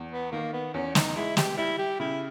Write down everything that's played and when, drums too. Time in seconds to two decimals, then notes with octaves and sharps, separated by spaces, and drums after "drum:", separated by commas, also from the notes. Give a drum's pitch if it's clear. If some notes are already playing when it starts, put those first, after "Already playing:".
Already playing: E2
0.12 B3
0.32 D#3 A#3
0.53 B3
0.74 E2 C#4
0.95 D#4, drum: snare
1.16 G#3 E4
1.37 G4, drum: snare
1.57 G3 E4
1.79 G4
2.00 C#3 E4